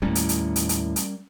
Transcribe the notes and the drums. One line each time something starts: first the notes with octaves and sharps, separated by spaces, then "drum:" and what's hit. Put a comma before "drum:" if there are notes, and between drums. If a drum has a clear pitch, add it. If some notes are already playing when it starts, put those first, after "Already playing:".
D#2 A2 G3 A#3 C#4
drum: hi-hat
drum: hi-hat
drum: hi-hat
drum: hi-hat
drum: hi-hat